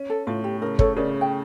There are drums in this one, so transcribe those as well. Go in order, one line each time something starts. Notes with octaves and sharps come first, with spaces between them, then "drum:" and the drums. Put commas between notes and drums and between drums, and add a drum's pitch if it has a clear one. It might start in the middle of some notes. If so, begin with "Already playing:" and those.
Already playing: C#4
A4
A2 F4
G4
C#3 A#4
A4 C#5, drum: kick
C#3 A#4 D5
G5